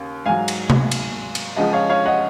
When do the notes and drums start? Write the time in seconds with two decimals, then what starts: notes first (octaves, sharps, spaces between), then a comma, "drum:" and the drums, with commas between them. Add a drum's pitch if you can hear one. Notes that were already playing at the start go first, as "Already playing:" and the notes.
Already playing: D#2 C#3
0.26 G#2 F#3 F5 G#5
0.48 drum: cymbal
0.70 drum: tom C3
0.91 drum: cymbal
1.35 drum: cymbal
1.56 C#2 C#3 F3 G#3 D#5 F#5
1.73 C#5 F5
1.90 C#5 F5
2.06 D#5 F#5